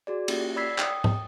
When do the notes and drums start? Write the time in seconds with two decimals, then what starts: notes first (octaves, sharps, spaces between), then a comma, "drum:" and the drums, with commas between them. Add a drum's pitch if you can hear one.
0.07 F#4 G#4 D5
0.28 A#3 C#4 F4 G4, drum: cymbal
0.56 D5 B5 E6 G#6 B6 C7
0.79 G5 D#6, drum: clap
1.04 drum: tom G#2